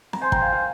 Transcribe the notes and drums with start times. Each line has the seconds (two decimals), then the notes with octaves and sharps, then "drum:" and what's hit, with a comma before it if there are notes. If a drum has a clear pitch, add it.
0.13 A#5, drum: snare C4
0.22 C5 G#5 C6
0.32 G5 A#5, drum: kick
0.42 F5 G#5
0.53 F5 G#5